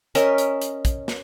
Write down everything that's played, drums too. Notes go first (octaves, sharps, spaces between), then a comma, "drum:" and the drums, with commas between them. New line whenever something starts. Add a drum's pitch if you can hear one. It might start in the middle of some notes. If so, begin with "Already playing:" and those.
C#4 A#4 D#5 E5, drum: hi-hat
drum: hi-hat
drum: hi-hat
drum: kick, hi-hat
drum: snare